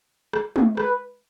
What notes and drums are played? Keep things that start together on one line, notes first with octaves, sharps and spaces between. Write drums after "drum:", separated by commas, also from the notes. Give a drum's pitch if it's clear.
drum: rim click
drum: tom
B4, drum: rim click